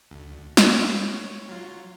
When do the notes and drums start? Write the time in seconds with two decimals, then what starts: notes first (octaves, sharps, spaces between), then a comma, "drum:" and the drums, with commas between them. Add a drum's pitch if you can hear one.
0.11 D2
0.57 drum: snare
0.68 C#5
1.49 F#3 F4